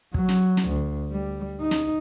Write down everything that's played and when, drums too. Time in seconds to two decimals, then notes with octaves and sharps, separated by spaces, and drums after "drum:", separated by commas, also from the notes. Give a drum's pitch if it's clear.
0.14 F#3, drum: kick
0.29 drum: snare
0.57 drum: snare
0.68 D2
1.11 G3
1.61 D#4
1.71 drum: snare